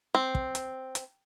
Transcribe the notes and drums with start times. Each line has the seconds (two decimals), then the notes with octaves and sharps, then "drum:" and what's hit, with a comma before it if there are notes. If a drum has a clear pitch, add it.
0.15 C4
0.35 drum: kick
0.55 drum: hi-hat
0.95 drum: hi-hat